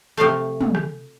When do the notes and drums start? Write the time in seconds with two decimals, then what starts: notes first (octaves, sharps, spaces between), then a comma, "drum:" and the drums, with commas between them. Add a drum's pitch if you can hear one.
0.17 C3 F3 A3 F5
0.61 drum: tom
0.75 drum: rim click